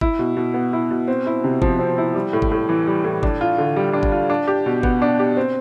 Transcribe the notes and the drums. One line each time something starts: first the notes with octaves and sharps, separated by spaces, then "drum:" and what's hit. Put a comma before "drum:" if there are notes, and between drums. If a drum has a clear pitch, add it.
E4, drum: kick
B2
B2
B3
E4
B2
C4
E4
C3
F3, drum: kick
C4
E4
G3
A2
drum: kick
A2
E3
G3
A2
D4, drum: kick
F4
D3
G3
D4
drum: kick
F4
D4
G4
B2
B3, drum: kick
D4
G4
C4